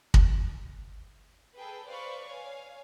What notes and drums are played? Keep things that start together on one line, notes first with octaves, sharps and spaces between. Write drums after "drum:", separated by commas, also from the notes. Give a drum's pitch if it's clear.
drum: kick
G#4 A4 B4 G5
B4 C5 D5 F5 B5 C#6
C#5 F5 G#5